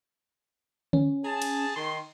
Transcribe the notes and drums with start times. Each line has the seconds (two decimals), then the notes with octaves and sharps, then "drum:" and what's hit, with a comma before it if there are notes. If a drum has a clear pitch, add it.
0.93 C#4, drum: tom D3
1.25 G#4 A5
1.42 drum: cymbal
1.76 D#3 C6